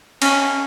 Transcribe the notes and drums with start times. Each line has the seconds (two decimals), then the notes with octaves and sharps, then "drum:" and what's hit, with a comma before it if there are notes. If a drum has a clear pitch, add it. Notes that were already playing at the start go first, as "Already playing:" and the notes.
0.22 C#4, drum: cymbal